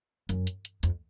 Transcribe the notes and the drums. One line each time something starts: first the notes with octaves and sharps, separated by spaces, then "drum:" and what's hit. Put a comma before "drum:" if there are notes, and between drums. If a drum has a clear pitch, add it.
F#2, drum: hi-hat
drum: hi-hat
drum: hi-hat
F2, drum: hi-hat